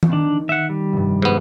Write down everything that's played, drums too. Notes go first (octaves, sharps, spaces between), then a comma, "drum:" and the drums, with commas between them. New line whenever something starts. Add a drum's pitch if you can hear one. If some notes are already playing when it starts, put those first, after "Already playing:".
drum: tom E3
D#3 D4
E5 F#5
G3
F1 G2
G#2 B3